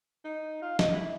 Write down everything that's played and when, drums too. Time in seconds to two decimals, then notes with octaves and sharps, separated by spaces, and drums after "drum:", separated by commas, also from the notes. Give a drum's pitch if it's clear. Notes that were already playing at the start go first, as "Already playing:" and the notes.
0.25 D#4
0.63 F4
0.79 D#5, drum: snare
0.94 E4